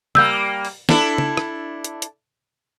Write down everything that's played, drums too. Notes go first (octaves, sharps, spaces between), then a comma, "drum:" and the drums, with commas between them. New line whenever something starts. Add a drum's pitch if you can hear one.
G3 A#3 E6 G6, drum: tom C#3
drum: open hi-hat
D4 E4 A4, drum: snare
drum: tom C#3
drum: rim click
drum: hi-hat
drum: hi-hat